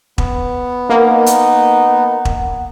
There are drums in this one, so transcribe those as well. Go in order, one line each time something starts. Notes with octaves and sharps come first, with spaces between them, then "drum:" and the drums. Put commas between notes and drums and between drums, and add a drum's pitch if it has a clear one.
B3, drum: kick E1
A#3 D#4 F#5
drum: hi-hat
drum: kick E1